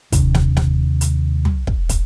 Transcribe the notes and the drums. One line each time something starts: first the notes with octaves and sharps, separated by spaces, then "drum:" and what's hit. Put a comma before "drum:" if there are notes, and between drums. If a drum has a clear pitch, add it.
D#2 C3 D4, drum: kick, hi-hat
drum: snare
drum: snare
drum: hi-hat
drum: tom
drum: kick
drum: kick, hi-hat